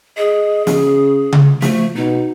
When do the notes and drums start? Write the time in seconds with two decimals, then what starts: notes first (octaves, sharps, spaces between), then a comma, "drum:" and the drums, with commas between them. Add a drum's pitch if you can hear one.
0.18 G#4 D#5
0.67 C#3, drum: snare
1.32 drum: tom C#3
1.62 F3 A3, drum: snare
1.96 B2 D#4